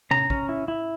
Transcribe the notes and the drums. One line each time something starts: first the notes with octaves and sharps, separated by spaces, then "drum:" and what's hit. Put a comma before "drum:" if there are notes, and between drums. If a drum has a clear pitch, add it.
C#4 A#5, drum: tom C3
C#4, drum: kick
E4
E4